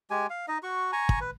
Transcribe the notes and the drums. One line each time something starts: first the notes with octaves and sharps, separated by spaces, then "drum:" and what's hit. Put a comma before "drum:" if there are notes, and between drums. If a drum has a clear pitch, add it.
G#3 G4 G#5
F5
D#4 D#5
F#4 C#6
G#5 A#5 C#6
drum: kick
B4